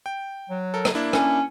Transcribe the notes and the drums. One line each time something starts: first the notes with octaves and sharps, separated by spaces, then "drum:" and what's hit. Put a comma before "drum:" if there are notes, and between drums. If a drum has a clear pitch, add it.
G5
F#3
A4 A#4
drum: rim click
A#3 D4 E4
C#4, drum: rim click